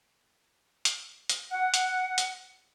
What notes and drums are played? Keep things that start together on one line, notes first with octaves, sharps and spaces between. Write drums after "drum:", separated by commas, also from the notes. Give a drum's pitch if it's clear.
drum: hi-hat
drum: hi-hat
F#5
drum: hi-hat
drum: hi-hat